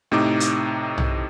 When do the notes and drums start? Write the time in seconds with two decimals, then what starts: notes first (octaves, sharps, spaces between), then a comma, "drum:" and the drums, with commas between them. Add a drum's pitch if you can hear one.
0.12 A2 C3 D#4 D6
0.40 drum: hi-hat
0.98 drum: tom